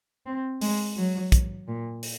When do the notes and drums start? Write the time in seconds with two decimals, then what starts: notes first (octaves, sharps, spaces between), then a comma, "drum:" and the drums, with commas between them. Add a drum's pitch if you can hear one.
0.26 C4
0.61 G#3, drum: open hi-hat
0.97 F#3
1.32 drum: kick, hi-hat
1.68 A#2
2.03 drum: open hi-hat